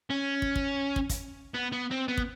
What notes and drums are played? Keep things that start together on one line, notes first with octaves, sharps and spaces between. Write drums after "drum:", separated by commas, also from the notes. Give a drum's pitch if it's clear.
C#4
drum: kick
drum: kick
drum: kick
drum: kick, hi-hat
B3
B3
C4
B3
drum: kick